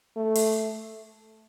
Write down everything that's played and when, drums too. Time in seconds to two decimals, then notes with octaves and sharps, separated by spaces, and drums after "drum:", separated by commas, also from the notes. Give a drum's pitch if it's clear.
0.17 A3
0.35 drum: open hi-hat